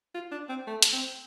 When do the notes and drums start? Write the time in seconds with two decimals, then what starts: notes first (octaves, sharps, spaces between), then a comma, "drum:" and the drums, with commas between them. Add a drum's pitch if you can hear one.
0.15 F4
0.32 D4
0.49 C4
0.67 A3
0.82 drum: hi-hat
0.93 C4